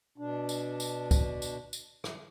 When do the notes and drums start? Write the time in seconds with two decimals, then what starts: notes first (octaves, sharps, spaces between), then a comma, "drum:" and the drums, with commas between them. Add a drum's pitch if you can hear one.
0.18 B2 D4
0.49 drum: tambourine
0.80 drum: tambourine
1.11 drum: kick, tambourine
1.42 drum: tambourine
1.73 drum: tambourine
2.04 drum: rim click